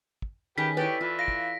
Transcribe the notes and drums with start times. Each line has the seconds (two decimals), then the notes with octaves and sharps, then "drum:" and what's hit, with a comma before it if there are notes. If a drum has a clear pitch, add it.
0.22 drum: kick
0.58 D#3 C#4 G4 G#4 B4 B6
0.77 C#4 E4 G4 A4 B4 D5
1.01 E3 F4
1.19 F5 A#6 D7
1.28 drum: kick